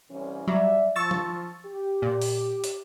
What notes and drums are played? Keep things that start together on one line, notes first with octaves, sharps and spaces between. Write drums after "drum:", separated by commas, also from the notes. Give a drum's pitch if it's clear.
C2 E3 C#4
F#3 G3 D5 E5
F3 C#6 E6 A6
drum: tom F3
G4
A#2
drum: open hi-hat
drum: hi-hat